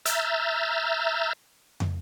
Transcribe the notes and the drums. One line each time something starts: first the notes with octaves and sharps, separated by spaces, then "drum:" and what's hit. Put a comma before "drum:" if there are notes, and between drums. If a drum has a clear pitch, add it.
E5 A#5 E6 F6 G6 A6, drum: hi-hat
drum: tom